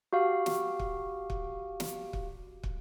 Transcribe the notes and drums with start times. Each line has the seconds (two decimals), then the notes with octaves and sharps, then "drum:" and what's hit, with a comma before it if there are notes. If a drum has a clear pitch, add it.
0.13 F#4 G4 F5
0.46 drum: snare
0.79 drum: kick
1.30 drum: kick
1.80 drum: snare
2.13 drum: kick
2.63 drum: kick